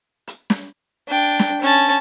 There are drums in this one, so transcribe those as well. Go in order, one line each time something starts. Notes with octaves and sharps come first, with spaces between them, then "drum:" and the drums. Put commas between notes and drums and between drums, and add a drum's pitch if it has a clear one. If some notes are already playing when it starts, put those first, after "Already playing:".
drum: hi-hat
drum: snare
D4 G5
drum: snare
C#4 A5, drum: hi-hat